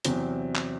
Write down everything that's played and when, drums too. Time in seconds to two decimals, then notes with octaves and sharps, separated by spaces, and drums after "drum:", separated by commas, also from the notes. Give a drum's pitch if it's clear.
0.05 E2 C3 F#3 C4, drum: hi-hat
0.55 drum: clap